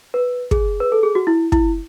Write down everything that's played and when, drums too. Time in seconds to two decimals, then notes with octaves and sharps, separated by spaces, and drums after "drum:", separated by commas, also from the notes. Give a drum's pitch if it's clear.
0.14 B4
0.51 G#4, drum: kick
0.80 B4
0.92 A4
1.03 G#4
1.15 F#4
1.27 E4
1.52 E4, drum: kick